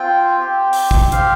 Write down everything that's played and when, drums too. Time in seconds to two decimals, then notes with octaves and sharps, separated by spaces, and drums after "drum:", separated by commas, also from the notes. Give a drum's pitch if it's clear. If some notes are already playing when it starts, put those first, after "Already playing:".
Already playing: C4 F4 G5
0.39 C4 G4
0.73 drum: open hi-hat
0.91 drum: kick
1.12 C4 G4 F5, drum: hi-hat